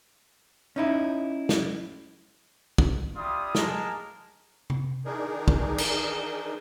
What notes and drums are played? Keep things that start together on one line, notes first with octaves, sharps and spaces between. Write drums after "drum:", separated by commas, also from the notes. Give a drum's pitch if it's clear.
C#4 D#4 E4
drum: snare
drum: kick
G3 D4 E4 F4 D#6
G#3 A#3 G#4 A#4 A5 A#5, drum: snare
drum: tom C3
D#3 E3 D4 D#4 G#4 A#4
drum: kick
drum: cymbal